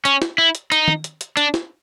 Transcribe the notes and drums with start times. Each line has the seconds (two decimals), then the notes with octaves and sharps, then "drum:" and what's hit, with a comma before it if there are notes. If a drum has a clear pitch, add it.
0.05 C#4, drum: hi-hat
0.22 drum: snare
0.38 E4
0.55 drum: hi-hat
0.72 D#4, drum: hi-hat
0.88 drum: tom
1.04 drum: hi-hat
1.21 drum: hi-hat
1.37 D4, drum: hi-hat
1.54 drum: snare